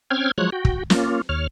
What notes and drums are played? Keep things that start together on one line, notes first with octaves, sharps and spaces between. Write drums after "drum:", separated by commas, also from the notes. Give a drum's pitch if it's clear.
C4 C#4 G5 F6 G#6
F3 F#3 G#3 C#5 F#6 G#6
F#4 G5
drum: kick
A#3 C#4 F4, drum: snare
D#2 C#5 F6